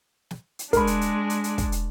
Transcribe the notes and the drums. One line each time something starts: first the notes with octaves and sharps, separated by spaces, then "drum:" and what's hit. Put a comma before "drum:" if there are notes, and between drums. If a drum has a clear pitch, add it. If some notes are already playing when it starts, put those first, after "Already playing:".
drum: snare
drum: hi-hat
G#3 D4 A#4 B5, drum: kick, hi-hat
drum: hi-hat
drum: hi-hat
drum: hi-hat
drum: hi-hat
drum: kick, hi-hat
drum: hi-hat